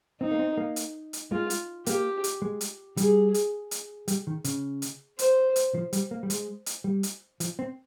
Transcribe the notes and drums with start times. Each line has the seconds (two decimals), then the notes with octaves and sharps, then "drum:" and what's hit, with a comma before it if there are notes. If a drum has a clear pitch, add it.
0.21 C4 D#4
0.31 A#3
0.39 C4
0.57 A#3
0.76 drum: hi-hat
1.13 drum: hi-hat
1.32 G#3 F4
1.50 drum: hi-hat
1.86 A#3 G4, drum: hi-hat
2.24 drum: hi-hat
2.42 G#3
2.61 drum: hi-hat
2.97 G3 G#4, drum: hi-hat
3.34 drum: hi-hat
3.71 drum: hi-hat
4.08 G3, drum: hi-hat
4.27 D#3
4.44 C#3, drum: hi-hat
4.82 drum: hi-hat
5.19 C5, drum: hi-hat
5.56 drum: hi-hat
5.74 F3
5.93 G3, drum: hi-hat
6.11 A#3
6.23 G3
6.30 G#3, drum: hi-hat
6.66 drum: hi-hat
6.84 G3
7.03 drum: hi-hat
7.40 F3, drum: hi-hat
7.59 C4